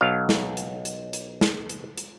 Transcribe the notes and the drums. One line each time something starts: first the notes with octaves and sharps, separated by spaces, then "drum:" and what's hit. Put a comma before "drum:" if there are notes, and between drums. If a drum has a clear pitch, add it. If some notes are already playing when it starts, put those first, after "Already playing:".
B1 F#3 F5
drum: snare
drum: hi-hat
drum: hi-hat
drum: hi-hat
drum: snare
drum: hi-hat
drum: hi-hat